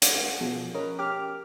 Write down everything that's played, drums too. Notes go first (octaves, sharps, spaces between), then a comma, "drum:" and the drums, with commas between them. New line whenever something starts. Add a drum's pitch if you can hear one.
F#5, drum: hi-hat
B2 F3 G#4
C#4 A#4 B4 D#5
G4 D6 F6